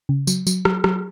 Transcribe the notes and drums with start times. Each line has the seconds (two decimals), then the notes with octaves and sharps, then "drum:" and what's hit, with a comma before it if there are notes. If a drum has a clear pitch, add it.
0.09 C#3
0.27 F#3, drum: tambourine
0.47 F#3, drum: tambourine
0.65 F#3, drum: rim click
0.84 F#3, drum: rim click